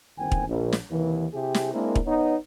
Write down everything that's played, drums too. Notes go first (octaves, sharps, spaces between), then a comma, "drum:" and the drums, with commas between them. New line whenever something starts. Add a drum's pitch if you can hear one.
G1 D#2 D#3 C4 G5 G#5
drum: kick
A#1
drum: snare
D#2 C3 D#3 E3
C3 E4 G4 G#4
drum: snare
G#3 A#3 C4 D4 E4 A#4
drum: kick
B3 D#4 C#5